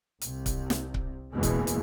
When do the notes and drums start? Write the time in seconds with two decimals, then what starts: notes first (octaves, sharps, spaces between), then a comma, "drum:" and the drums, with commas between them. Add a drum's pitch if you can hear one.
0.21 C2 C3, drum: hi-hat
0.46 drum: kick C#1, hi-hat
0.70 drum: snare
0.94 drum: kick C#1
1.33 F#1 E2 B2 E3 G#3
1.43 drum: kick C#1, hi-hat
1.67 drum: hi-hat